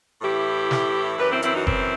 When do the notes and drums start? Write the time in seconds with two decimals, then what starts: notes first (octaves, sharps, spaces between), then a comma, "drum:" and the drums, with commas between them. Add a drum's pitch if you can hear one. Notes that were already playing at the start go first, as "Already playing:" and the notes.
0.21 A2 E3 E4 G4
0.71 drum: snare
1.18 F#2 E3 G4 B4
1.30 C4 E4
1.42 C4 E4, drum: hi-hat
1.54 D#4 F#4
1.67 C4 E4, drum: kick F#1